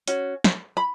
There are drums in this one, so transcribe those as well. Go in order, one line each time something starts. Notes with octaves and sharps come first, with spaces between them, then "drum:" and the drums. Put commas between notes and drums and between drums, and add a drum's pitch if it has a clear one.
C#4 F#4, drum: hi-hat
drum: snare
B5